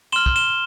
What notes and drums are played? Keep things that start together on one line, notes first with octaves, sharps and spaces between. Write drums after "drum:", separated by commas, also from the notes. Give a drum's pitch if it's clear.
C6 F6 E7 G7
drum: kick
E7 G7